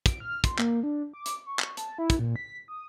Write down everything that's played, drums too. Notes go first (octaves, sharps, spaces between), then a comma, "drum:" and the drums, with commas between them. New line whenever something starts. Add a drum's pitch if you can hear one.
D7, drum: kick, hi-hat
F6
C6, drum: kick, hi-hat
A#3, drum: clap
D4
D6
drum: hi-hat
C#6
drum: clap
A5, drum: hi-hat
E4
drum: kick, hi-hat
A#2
B6
D#6